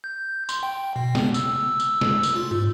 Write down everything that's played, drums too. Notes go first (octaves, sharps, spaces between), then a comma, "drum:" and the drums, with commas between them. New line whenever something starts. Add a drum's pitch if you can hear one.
G6
C6, drum: tambourine
G5
B2
B3, drum: snare
E6, drum: tambourine
drum: tambourine
drum: snare
drum: tambourine
F4
G#2